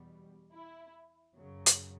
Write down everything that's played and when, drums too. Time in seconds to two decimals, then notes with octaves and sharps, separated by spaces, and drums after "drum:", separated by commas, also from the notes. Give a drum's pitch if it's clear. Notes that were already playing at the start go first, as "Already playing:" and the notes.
Already playing: E2 B2 G3
0.53 E4
1.35 F#2 C#3 F#3
1.66 drum: hi-hat